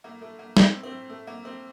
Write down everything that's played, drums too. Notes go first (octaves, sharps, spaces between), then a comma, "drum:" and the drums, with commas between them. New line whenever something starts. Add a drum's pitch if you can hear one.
A2 A#3
A2 A3
A2 A#3
A2 C4, drum: snare
A2
C4
A2
A2 A3
A2 A#3
A2 C4